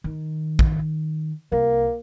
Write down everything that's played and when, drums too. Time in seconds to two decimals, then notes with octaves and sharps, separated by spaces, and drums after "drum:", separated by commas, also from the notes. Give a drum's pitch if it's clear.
0.04 D#3
0.59 drum: kick
1.52 C2 A#3